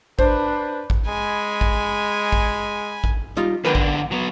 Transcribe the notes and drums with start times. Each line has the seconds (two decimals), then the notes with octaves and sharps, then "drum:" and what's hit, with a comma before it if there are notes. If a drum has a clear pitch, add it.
0.19 D4 B4 C5, drum: kick A1
0.90 drum: kick A1
1.08 G#3 G#5 B5
1.61 drum: kick A1
2.32 drum: kick A1
3.04 drum: kick A1
3.37 G3 D#4 F4
3.65 E2 D3 A#4 B4 G5
3.75 drum: kick A1
4.12 F#3 B3